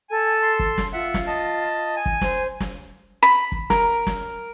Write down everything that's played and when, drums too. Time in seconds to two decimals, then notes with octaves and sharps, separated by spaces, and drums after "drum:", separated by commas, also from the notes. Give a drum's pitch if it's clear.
0.10 A4 G#5
0.42 C6
0.59 drum: kick
0.78 drum: snare
0.93 F4 E5 F#5
1.14 drum: snare
1.27 D#5 A5
1.96 G#5
2.06 drum: kick
2.21 C5, drum: snare
2.60 drum: snare
3.23 B5
3.52 drum: kick
3.70 A#4, drum: snare
4.07 drum: snare